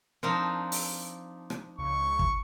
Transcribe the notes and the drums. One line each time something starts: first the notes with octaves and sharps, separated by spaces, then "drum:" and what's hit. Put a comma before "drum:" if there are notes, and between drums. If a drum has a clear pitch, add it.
F3 C4 D4 D#4 A#4
drum: open hi-hat
drum: rim click
C#2 C#6
drum: kick